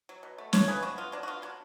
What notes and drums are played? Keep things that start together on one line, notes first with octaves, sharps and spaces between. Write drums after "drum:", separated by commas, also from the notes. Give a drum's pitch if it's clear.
F#3
B2
A3
D4 A4 C#5, drum: snare
F3 G#4 B4
D3 D4 F#4
B3 F4
F#3 D4
F#4
B3 F4
F#3 D4